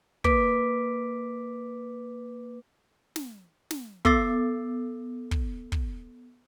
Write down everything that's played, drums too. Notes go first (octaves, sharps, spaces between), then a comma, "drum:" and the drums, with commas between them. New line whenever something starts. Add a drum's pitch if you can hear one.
A#3 B4 D6 B6 D7, drum: kick
drum: snare
drum: snare
B3 A4 D6 E6 A6 C7, drum: kick
drum: kick
drum: kick